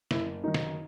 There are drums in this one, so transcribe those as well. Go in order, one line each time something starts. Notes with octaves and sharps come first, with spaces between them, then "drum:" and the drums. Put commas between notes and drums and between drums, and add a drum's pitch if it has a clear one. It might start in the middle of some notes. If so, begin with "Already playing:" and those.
F#1 E4, drum: snare
F#2 D#3 D#4
drum: snare